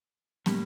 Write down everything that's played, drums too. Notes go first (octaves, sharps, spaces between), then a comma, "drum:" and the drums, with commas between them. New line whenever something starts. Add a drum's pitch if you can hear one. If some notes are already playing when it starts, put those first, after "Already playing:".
A2 G3 A#3, drum: snare